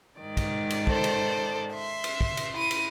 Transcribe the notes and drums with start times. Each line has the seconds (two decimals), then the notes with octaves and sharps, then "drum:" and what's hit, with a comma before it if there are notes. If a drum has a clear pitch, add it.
0.20 G#2 D#3 D5
0.37 drum: kick, cymbal
0.70 drum: cymbal
0.87 A4 C5, drum: kick
1.04 drum: cymbal
1.74 E5 C6
2.04 drum: cymbal
2.21 drum: kick
2.37 drum: cymbal
2.55 E4 D#7
2.71 drum: cymbal